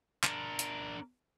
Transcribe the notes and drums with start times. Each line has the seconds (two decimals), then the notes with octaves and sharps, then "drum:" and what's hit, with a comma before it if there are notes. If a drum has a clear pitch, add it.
0.24 D4 A#4, drum: clap
0.59 drum: hi-hat